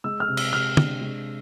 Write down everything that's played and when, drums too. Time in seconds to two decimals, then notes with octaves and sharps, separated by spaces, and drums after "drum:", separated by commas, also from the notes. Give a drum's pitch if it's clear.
0.04 G#3 E6
0.20 F6
0.29 C3
0.37 E6, drum: cymbal
0.53 C3 F6
0.77 D4, drum: tom
1.01 G#3